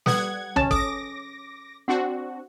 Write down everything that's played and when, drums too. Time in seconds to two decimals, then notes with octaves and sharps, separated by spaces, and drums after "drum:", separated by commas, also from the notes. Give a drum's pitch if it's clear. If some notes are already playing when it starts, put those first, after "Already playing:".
0.06 G3 A4 B4 F#5 G#6, drum: snare
0.56 C#4 A5, drum: tom
0.71 A4 D6 A#6, drum: kick
1.88 C4 D4 F#4 F#5